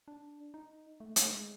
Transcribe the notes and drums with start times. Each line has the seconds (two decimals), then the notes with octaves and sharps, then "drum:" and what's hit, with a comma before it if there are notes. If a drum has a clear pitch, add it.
0.08 D4
0.54 D#4
1.00 A3
1.16 A3, drum: hi-hat
1.32 G#3